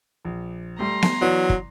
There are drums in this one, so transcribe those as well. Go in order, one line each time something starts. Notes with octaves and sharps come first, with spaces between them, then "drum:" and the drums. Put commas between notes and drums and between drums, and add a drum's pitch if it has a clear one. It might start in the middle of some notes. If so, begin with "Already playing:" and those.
A#1
G3 A3 A#5 C6
drum: snare B3
E3 F#3 B3 D5
drum: kick